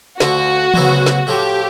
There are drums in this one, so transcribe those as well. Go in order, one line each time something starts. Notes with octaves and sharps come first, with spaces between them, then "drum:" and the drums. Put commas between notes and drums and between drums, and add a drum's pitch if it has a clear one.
D2 D3 F3 F#4, drum: snare
D2 C#3 F#3 B3 E4, drum: tom E3
drum: snare
A2 F3 A3 G4